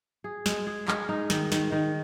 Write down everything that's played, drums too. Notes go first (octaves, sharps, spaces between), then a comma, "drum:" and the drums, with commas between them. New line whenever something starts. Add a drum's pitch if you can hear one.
G#4
G#3, drum: snare
G#4
G#3, drum: clap
D#4
D#3, drum: snare
D#3, drum: snare
D#3